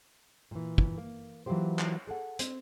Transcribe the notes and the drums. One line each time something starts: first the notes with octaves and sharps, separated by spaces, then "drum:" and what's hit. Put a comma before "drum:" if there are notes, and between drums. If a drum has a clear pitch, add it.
A#2 E3
drum: kick
A#3
E3 F#3 A#3 F4 G4 C5
drum: clap
G#4 A4 F#5
C4, drum: hi-hat